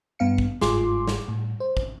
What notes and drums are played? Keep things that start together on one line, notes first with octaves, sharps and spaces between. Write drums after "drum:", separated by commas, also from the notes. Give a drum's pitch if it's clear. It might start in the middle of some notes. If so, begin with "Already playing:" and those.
G2 B3 F5 C#7
drum: kick
G1 G#2 F4 G#4 C6 D6, drum: snare
drum: snare
A2
C5
drum: kick